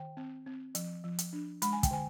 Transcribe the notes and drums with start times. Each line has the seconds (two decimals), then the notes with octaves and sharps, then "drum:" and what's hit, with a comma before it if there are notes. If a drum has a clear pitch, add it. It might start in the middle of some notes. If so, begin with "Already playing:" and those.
Already playing: D#3 G5
0.17 C4
0.46 C4
0.75 F3, drum: hi-hat
1.04 F3
1.19 drum: hi-hat
1.33 D4
1.62 G#3 B5, drum: hi-hat
1.73 G#5
1.83 G5, drum: kick, hi-hat
1.91 D3 G#5